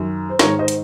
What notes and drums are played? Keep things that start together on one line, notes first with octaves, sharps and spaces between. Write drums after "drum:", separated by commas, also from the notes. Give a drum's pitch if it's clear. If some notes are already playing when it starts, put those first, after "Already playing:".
Already playing: F#2 D#3
C5
G#2 D#3 A#4 C#5, drum: snare
C5 D#5
drum: hi-hat